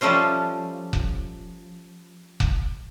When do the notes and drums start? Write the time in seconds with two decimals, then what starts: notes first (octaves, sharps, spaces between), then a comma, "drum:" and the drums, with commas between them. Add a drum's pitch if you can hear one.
0.01 F3 G3 A3 C#4 C5
0.93 drum: kick F1
2.40 drum: kick F1